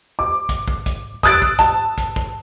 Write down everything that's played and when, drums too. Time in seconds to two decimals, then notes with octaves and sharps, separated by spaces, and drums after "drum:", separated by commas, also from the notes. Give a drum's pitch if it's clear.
0.19 D6
0.49 drum: kick, hi-hat
0.68 drum: kick
0.86 drum: kick, hi-hat
1.23 D#6 E6 F#6 A6 D7, drum: kick, hi-hat
1.42 drum: kick
1.59 A5, drum: kick, hi-hat
1.98 drum: kick, hi-hat
2.16 drum: kick